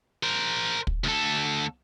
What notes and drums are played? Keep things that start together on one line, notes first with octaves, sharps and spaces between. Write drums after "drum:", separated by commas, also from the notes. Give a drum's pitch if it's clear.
A#4 C5
drum: kick
D2 A4